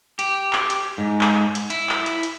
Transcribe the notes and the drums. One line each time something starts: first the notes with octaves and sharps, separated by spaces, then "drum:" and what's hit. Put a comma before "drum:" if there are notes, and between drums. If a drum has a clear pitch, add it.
G4, drum: hi-hat
drum: clap
drum: hi-hat
G#2
drum: clap
drum: hi-hat
E4, drum: hi-hat
drum: clap
drum: hi-hat
drum: hi-hat